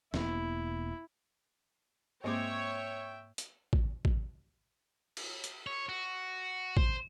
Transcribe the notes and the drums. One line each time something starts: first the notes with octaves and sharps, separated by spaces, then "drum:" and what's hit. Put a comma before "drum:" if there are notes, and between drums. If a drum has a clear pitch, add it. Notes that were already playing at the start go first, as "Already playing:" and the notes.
E1 A#3 B3 E4, drum: snare
G#2 G#3 A#3 C4 C#5 E5 G5 D6
drum: hi-hat
drum: kick
drum: kick
drum: cymbal
drum: hi-hat
C#5
F#4
C5, drum: kick